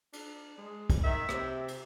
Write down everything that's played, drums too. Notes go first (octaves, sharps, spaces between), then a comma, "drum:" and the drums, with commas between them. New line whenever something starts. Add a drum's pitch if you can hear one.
D4, drum: cymbal
G#3
drum: kick, cymbal
D#3 E5
C3, drum: rim click
drum: cymbal